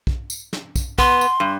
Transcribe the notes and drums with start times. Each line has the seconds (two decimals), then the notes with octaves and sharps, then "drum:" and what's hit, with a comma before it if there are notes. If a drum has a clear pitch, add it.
0.07 drum: kick
0.30 drum: tambourine
0.53 drum: snare
0.76 drum: kick, tambourine
0.98 B3 C6, drum: kick
1.21 drum: tambourine
1.40 G2